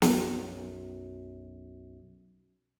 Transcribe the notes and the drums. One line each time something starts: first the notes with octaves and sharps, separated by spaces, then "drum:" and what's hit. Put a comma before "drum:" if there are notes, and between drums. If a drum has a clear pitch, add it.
B1 F#2, drum: snare